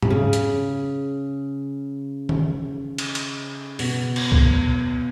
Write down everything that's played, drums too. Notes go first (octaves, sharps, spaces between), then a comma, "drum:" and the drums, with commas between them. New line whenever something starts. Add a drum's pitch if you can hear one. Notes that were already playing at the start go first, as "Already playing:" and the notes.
C3, drum: tom G#2
C#3
drum: hi-hat
drum: tom D#3
drum: cymbal
drum: cymbal
B2, drum: open hi-hat
drum: cymbal
drum: kick C2